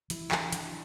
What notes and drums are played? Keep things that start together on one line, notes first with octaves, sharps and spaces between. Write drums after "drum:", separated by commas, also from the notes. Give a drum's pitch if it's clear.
E3 E4, drum: hi-hat
E3 D4, drum: clap
E3 D4, drum: hi-hat